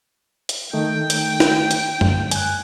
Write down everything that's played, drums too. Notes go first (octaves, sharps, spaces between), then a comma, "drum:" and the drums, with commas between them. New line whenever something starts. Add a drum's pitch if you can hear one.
drum: hi-hat
D#3 A3 D#4 G5
drum: hi-hat
drum: snare
drum: hi-hat
drum: tom F#2
G#5 F#6, drum: hi-hat